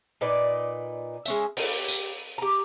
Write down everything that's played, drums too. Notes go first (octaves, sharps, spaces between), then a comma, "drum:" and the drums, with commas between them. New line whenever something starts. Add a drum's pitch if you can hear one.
A#2 D#4 B4 D5
G#3 C#4 E5, drum: tambourine
G4, drum: open hi-hat
drum: tambourine
G4 A#5